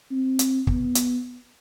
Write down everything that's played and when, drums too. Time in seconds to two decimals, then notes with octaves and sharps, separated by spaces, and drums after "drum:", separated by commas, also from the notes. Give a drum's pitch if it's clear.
0.11 C4
0.39 drum: hi-hat
0.67 B3, drum: kick
0.95 drum: hi-hat